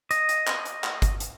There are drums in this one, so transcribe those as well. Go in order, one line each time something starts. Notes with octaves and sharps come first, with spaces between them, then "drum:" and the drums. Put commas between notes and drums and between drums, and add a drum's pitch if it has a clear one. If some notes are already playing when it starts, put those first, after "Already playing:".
D#5, drum: hi-hat
drum: hi-hat
drum: clap
drum: hi-hat
drum: clap
drum: kick, hi-hat
drum: hi-hat